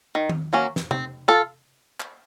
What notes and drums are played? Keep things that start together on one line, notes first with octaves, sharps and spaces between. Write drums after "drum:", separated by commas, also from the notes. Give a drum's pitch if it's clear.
D#3
drum: tom D#3
F#3 A#3 C#4
drum: snare
C4, drum: tom C3
F4 A4
drum: clap